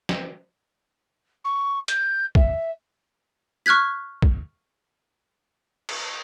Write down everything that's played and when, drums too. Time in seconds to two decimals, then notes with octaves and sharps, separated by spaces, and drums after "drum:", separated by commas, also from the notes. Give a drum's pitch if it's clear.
0.09 drum: snare
1.44 C#6
1.88 G6, drum: hi-hat
2.35 E5, drum: kick
3.66 C#6 F6 F#6 G#6 B6
4.22 drum: kick
5.89 drum: cymbal